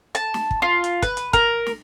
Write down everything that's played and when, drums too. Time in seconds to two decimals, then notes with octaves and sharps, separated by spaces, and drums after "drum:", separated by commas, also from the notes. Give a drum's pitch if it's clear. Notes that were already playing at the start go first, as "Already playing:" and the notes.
0.15 A5, drum: hi-hat
0.34 drum: snare
0.51 drum: kick
0.62 F4
0.84 drum: hi-hat
1.02 B4, drum: kick, hi-hat
1.17 drum: hi-hat
1.33 A#4, drum: kick, hi-hat
1.66 drum: snare